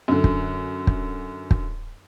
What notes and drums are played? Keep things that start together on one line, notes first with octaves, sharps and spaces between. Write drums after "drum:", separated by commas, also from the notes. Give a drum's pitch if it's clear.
F#2 D3
drum: kick
drum: kick
drum: kick